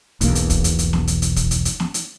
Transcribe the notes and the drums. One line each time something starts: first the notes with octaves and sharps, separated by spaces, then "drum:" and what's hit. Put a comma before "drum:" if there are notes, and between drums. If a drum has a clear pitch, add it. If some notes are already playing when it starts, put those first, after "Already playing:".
E1 B1 E2 A#3, drum: hi-hat
drum: hi-hat
drum: kick, hi-hat
drum: hi-hat
drum: hi-hat
drum: snare
drum: hi-hat
drum: hi-hat
drum: kick, hi-hat
drum: hi-hat
drum: hi-hat
drum: snare
drum: hi-hat